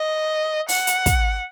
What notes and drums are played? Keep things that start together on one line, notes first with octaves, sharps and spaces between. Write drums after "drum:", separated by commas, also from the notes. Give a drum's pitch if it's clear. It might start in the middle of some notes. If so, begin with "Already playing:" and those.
Already playing: D#5
F#5, drum: open hi-hat
drum: hi-hat
drum: kick, hi-hat